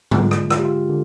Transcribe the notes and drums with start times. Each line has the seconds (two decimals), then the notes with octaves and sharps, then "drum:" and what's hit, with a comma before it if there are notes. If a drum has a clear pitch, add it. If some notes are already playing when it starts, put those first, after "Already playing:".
0.11 D3 G#3 F4, drum: tom
0.31 drum: rim click
0.50 F4, drum: rim click
0.58 G4
0.65 F4
0.89 D3